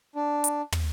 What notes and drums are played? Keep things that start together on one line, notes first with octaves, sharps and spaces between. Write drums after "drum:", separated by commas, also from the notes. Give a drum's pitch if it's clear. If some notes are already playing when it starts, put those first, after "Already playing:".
D4
drum: hi-hat
drum: tom